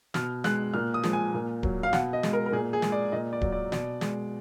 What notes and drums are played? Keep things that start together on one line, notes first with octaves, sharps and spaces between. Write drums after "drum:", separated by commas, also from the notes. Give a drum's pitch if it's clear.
B2 F6, drum: snare
G#3 F#6, drum: snare
A#2 F6
D#6
F3 G#3, drum: snare
G#5
A#2
F#3, drum: kick D1
F5
B2 F#5, drum: snare
D#5
G#3, drum: snare
A#4
A#4
A#2 G#4
G#4
G#3, drum: snare
D5
A#2 D#5
D5
F#3, drum: kick D1
D5
B2 D5, drum: snare
G#3, drum: snare